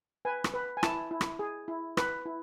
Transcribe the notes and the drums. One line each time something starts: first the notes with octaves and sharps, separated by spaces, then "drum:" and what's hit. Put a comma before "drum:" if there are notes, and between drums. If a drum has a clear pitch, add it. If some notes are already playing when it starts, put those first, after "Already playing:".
B4 G#5
drum: rim click
B4
G#5
E4 A5, drum: rim click
E4
drum: rim click
G#4
E4
B4, drum: rim click
E4